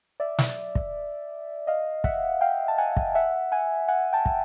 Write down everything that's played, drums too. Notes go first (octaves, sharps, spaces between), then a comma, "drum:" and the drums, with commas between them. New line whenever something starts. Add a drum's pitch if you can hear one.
D5 E5
drum: snare
drum: kick
D#5 F5
E5 F#5, drum: kick
F5 G5
A5
F#5 G#5
drum: kick
E5 F#5
F#5 G#5
F#5 G#5
G5 A5
drum: kick